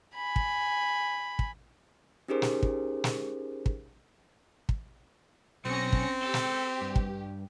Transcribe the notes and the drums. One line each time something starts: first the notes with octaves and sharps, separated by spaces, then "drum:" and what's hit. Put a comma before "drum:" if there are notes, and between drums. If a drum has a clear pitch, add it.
G#5 B5
drum: kick
drum: kick
C#4 D#4 G4 G#4 A#4 C5
drum: snare
drum: kick
drum: snare
drum: kick
drum: kick
B1 C4 C#4 A#6 C#7
drum: kick
G4 A4
drum: snare
G2
drum: kick